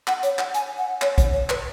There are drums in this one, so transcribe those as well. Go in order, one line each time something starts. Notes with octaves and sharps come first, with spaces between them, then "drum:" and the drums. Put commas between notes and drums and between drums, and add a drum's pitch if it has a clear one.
F#5, drum: clap
C#5, drum: hi-hat
F#5, drum: clap
G#5, drum: hi-hat
F#5
C#5, drum: clap
C#5, drum: kick, hi-hat
C#5
B4, drum: clap